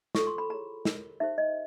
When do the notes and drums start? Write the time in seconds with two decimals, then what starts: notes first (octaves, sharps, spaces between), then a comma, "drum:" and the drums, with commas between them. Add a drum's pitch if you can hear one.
0.15 F4 A4 C5 C#6, drum: snare
0.27 C6
0.38 B5
0.50 E4 G#4 C#5 A#5
0.85 E4 G4 A#4, drum: snare
1.20 D#4 G4 C5 E5
1.38 D#5